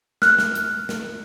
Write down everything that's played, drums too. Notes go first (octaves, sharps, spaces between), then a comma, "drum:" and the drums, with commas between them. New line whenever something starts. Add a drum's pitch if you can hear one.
F6 F#6, drum: snare
drum: snare
drum: hi-hat
drum: snare